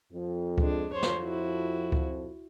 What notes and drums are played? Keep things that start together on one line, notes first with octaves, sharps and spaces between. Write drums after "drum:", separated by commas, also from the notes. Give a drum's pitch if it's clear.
F2
G#3 D4, drum: kick C#2
F2 F3 C5 C#5
drum: snare
E4 F#4
drum: kick C#2